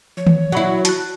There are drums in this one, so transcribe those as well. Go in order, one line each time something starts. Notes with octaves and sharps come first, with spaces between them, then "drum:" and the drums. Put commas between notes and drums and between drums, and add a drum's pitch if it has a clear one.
F3 C#5
drum: tom D#3
F#3 E4 F#5 B5
F#4 A5 F#6, drum: hi-hat